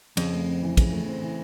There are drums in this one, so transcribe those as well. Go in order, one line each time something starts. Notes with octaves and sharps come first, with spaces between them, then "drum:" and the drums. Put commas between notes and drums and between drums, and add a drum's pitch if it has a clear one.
F2 C#3, drum: cymbal
A3
C4
E3
C#3, drum: kick, cymbal
A3
C4
E3